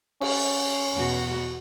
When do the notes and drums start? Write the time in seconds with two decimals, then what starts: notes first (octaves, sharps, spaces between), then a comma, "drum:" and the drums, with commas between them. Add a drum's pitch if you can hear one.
0.21 C#4, drum: cymbal
0.95 E2 B2 F#4